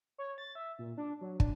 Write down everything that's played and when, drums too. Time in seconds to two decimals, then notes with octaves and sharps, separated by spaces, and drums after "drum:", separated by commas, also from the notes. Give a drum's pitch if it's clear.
0.18 C#5
0.38 A6
0.55 E5
0.79 A#2
0.97 D4
1.21 F#3
1.40 D4, drum: kick